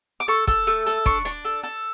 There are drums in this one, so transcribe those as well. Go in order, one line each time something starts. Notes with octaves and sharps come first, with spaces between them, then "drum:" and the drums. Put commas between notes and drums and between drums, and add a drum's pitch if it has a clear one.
D6
A4 C#6
A4, drum: kick, hi-hat
A3
A4, drum: hi-hat
D4 C#6, drum: kick
D4, drum: hi-hat
A4
A4